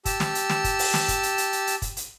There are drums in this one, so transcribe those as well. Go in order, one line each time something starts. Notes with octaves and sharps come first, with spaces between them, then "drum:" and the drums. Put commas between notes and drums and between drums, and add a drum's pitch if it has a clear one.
G4 A5 E6, drum: kick, hi-hat
drum: snare
drum: hi-hat
drum: snare
drum: kick, hi-hat
drum: open hi-hat
drum: snare
drum: kick, hi-hat
drum: hi-hat
drum: hi-hat
drum: hi-hat
drum: hi-hat
drum: kick, hi-hat
drum: hi-hat